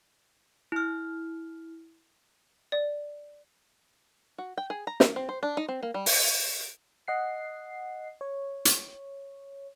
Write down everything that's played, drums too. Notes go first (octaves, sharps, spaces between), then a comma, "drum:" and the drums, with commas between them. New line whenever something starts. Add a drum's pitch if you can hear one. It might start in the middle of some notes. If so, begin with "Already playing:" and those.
E4 F6
D5
F#4
G5
G#4
A#5
A#4, drum: snare
C4
C5
D4
D#4
C4
A#3
G3
drum: open hi-hat
D#5 F#5 C7
C#5
drum: hi-hat